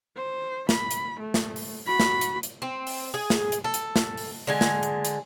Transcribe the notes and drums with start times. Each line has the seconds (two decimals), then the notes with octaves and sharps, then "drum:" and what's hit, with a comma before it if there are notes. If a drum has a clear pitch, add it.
0.16 C5
0.69 B5, drum: snare
0.91 drum: hi-hat
1.19 A3
1.34 drum: snare
1.56 drum: open hi-hat
1.87 F#4 B5
2.00 drum: snare
2.21 drum: hi-hat
2.43 drum: hi-hat
2.62 C4
2.87 drum: open hi-hat
3.14 G#4
3.30 drum: snare
3.52 drum: hi-hat
3.64 A4
3.74 drum: hi-hat
3.96 drum: snare
4.17 drum: open hi-hat
4.47 D3 G#3 G#5
4.61 drum: snare
4.83 drum: hi-hat
5.05 drum: hi-hat